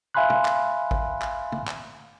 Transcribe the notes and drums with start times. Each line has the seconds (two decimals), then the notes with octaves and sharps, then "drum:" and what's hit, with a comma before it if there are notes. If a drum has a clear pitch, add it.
0.14 E5 F5 G#5 B5 C6 F#6
0.30 drum: tom
0.45 drum: clap
0.91 drum: kick
1.22 drum: clap
1.52 drum: tom
1.67 drum: clap